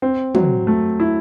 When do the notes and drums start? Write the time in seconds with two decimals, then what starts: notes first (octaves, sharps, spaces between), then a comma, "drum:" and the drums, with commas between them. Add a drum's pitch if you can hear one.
0.02 C4
0.35 F#3, drum: tom
0.67 A3
1.00 E4